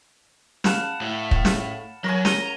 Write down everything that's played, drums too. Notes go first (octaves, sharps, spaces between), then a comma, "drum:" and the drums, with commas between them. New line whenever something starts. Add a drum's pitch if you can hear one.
F5 F#5 A5 B5 E7, drum: snare
A2
drum: kick
drum: snare
F#3 A#4 C#5 G#5 A#6
A#5 A#6 D#7 G7, drum: snare